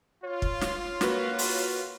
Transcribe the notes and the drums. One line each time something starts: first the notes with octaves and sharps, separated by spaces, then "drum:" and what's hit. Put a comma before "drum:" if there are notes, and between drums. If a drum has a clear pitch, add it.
F4 C#5
drum: kick
drum: snare
A#3 F#4 B4, drum: snare
drum: open hi-hat